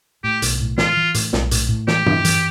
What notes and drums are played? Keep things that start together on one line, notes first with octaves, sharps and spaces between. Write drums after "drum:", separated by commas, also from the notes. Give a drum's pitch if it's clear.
A2 G4
B1, drum: hi-hat
A2
E3 F4, drum: snare
E3
A2, drum: hi-hat
B1, drum: snare
A2, drum: hi-hat
A2
E3 G4, drum: snare
E3, drum: tom G2
E3, drum: hi-hat